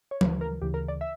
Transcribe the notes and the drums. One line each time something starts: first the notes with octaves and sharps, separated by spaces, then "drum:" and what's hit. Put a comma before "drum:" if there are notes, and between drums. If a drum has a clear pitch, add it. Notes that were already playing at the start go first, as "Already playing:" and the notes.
C#5
D2 C#3 E3 B4, drum: tom F3
A#4
D2 C#3 E3 G4
A#4
D5
E5